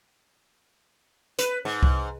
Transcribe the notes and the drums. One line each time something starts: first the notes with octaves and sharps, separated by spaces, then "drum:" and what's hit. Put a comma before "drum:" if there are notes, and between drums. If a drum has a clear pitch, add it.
B4, drum: hi-hat
G#2
drum: kick C2